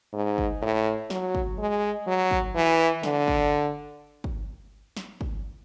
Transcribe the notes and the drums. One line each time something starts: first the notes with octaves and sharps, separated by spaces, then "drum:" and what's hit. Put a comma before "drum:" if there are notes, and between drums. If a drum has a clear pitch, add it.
G#2
drum: kick
A2
F#3, drum: snare
drum: kick
G#3
F#3
drum: kick
E3
D3, drum: snare
drum: kick
drum: kick
drum: snare
drum: kick